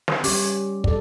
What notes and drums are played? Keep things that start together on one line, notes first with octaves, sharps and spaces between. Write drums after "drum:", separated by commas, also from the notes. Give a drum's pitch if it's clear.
drum: snare
G3 C#4 G4 D6, drum: open hi-hat
A4 D5, drum: kick